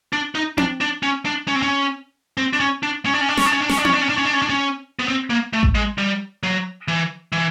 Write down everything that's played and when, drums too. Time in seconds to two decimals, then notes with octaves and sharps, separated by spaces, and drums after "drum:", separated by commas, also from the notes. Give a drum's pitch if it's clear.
0.13 D4
0.35 D#4
0.58 D4, drum: tom C4
0.81 D4
1.03 C#4
1.25 D4
1.48 C#4
1.55 C4
1.62 C#4
2.37 C4
2.53 D4
2.60 C#4
2.83 D4
3.05 C#4
3.13 D4
3.21 C#4
3.29 D4
3.37 C#4, drum: snare
3.46 D4
3.53 C#4
3.61 D4
3.69 C#4, drum: snare
3.77 D4
3.85 C#4, drum: tom C4
3.93 D4
4.01 C#4
4.09 D4
4.18 C#4
4.25 D4
4.33 C#4
4.42 D4
4.49 C#4
4.99 B3
5.08 C4
5.30 A#3
5.53 A3
5.63 drum: kick A1
5.75 G#3
5.98 G3
6.43 F#3
6.88 E3
7.32 E3